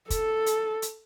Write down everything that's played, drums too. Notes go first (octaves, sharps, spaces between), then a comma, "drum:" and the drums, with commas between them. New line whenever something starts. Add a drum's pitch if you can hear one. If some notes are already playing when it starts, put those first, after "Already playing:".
A4, drum: kick, hi-hat
drum: hi-hat
drum: hi-hat